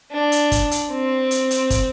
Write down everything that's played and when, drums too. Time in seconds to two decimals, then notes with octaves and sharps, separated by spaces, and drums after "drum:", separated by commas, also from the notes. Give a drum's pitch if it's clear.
0.12 D4
0.32 drum: hi-hat
0.52 drum: kick, hi-hat
0.71 drum: hi-hat
0.91 C4
1.31 drum: hi-hat
1.51 drum: hi-hat
1.70 drum: kick, hi-hat